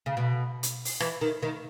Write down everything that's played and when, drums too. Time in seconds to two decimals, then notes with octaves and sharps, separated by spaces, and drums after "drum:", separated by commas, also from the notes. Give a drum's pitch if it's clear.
0.06 C#3
0.17 B2
0.63 drum: hi-hat
0.85 drum: open hi-hat
1.00 E3, drum: rim click
1.21 D#3
1.42 D#3